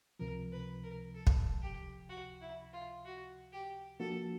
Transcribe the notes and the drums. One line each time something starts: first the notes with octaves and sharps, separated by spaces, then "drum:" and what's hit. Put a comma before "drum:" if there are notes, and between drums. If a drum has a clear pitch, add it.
C#2 C3 F3 A#4
B4
A#4
A4
drum: kick
G4
F#4
E4
F4
F#4
G4
F3 A#3 D4 F#4 A4